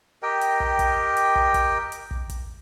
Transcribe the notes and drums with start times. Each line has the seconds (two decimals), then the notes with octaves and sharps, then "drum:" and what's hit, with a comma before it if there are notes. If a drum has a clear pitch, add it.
0.23 G4 A#4 D#5 G5
0.41 drum: hi-hat
0.60 drum: kick
0.79 drum: kick, hi-hat
1.17 drum: hi-hat
1.35 drum: kick
1.54 drum: kick, hi-hat
1.92 drum: hi-hat
2.11 drum: kick
2.30 drum: kick, hi-hat